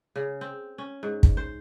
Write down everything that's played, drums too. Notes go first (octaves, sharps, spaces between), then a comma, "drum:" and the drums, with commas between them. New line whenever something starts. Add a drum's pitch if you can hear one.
C#3
C4
C#4
G#2
drum: kick
C5